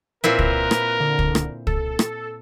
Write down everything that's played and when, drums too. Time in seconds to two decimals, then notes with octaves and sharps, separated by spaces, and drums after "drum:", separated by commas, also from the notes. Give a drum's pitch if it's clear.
0.24 A#2 C4 E4 A#4 B4
0.39 drum: kick
0.71 drum: rim click
1.00 D3
1.19 drum: kick
1.35 drum: rim click
1.67 A4, drum: kick
1.99 drum: rim click